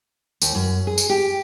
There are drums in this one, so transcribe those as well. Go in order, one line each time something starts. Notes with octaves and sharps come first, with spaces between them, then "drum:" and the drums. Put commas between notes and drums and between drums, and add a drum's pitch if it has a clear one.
D#2, drum: tambourine
F#2
G#4
drum: tambourine
G4